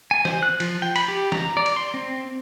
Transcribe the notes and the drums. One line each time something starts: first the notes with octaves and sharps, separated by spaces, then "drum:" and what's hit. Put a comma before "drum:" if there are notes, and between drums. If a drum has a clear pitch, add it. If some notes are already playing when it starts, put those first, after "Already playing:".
G#5
C5, drum: snare
F#6
F3, drum: cymbal
G5
B5, drum: cymbal
G4
A#5, drum: snare
D5
drum: cymbal
C6
C4